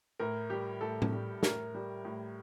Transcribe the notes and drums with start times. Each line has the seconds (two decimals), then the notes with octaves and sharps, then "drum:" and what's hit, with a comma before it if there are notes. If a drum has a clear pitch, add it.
0.20 A2 A#4
0.50 G3 G4
0.81 A2 A4
1.02 drum: tom A2
1.12 G3
1.43 A2 A#4, drum: snare
1.74 G3
2.05 A2